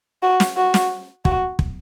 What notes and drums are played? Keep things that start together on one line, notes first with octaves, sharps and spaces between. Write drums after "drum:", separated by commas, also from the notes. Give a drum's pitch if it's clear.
F#4
drum: snare
F#4
drum: snare
F#4, drum: kick
drum: kick